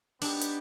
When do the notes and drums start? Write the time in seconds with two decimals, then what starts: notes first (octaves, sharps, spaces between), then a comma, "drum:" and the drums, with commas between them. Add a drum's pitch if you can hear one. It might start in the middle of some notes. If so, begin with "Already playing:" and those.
0.22 B3 D4 D#4 G4, drum: open hi-hat
0.41 drum: hi-hat